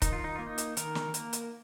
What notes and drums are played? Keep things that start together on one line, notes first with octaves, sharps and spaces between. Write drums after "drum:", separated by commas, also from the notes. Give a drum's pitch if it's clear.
D#3 D#4, drum: kick, hi-hat
F4
D#4
A#3 F4
D#4
drum: hi-hat
D#3 A#4, drum: hi-hat
drum: snare
A#3, drum: hi-hat
drum: hi-hat